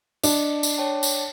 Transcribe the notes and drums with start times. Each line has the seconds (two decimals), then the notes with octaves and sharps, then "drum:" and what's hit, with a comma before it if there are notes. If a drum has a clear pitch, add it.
0.24 D4 D#5, drum: tambourine
0.63 drum: tambourine
0.78 C#5 G5 A5
1.03 drum: tambourine